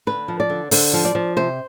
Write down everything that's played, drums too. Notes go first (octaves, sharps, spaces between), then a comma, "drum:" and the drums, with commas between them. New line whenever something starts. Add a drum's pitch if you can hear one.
D3 B4
F3
D5
D3
D3 C5, drum: open hi-hat
F3
D5
F3
C3 C5